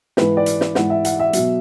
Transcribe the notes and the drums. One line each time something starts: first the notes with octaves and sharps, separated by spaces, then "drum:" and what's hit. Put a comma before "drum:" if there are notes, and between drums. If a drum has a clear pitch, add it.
G#2 E3 B4, drum: snare
D5
drum: hi-hat
drum: snare
G#2 E3 F#5, drum: snare
E5
F#5, drum: hi-hat
E5
B2 F#3, drum: hi-hat